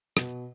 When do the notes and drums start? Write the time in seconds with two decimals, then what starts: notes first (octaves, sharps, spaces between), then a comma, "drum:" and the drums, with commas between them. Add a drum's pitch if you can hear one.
0.17 B2, drum: rim click